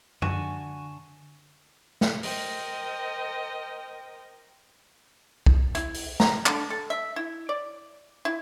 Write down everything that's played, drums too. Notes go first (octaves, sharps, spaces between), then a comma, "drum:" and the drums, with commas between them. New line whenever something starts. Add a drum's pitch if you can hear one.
D3 F#4 G#5 A5 C#6, drum: tom F#2
drum: snare
A#4 C5 D#5 G5, drum: open hi-hat
drum: kick
E4, drum: hi-hat
drum: open hi-hat
A#5, drum: snare
D3, drum: clap
A4
E5
E4
D5
E4